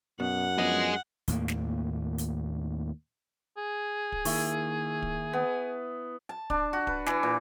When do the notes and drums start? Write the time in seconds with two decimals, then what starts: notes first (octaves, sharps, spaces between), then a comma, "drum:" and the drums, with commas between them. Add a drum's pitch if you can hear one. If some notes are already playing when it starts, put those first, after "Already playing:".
0.20 F#2 B2 F#5
0.58 F3 B3 D4 G#4 D#5
1.28 D#2 A2 A#3, drum: hi-hat
1.48 drum: snare
2.18 drum: hi-hat
3.57 G#4
4.12 drum: kick
4.25 D#3 A#3 E4 C#6, drum: open hi-hat
5.02 drum: kick
5.33 B3
6.29 A5
6.50 D4, drum: kick
6.73 F#4
6.87 B4, drum: kick
7.06 E3, drum: snare
7.23 A#2